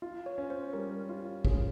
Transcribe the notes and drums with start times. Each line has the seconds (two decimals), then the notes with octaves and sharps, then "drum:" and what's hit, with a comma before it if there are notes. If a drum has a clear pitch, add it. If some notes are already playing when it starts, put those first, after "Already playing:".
0.02 F4
0.26 C#5
0.38 C#4
0.50 C5
0.73 G3 A#4
1.09 F4
1.45 C#4 G#4, drum: kick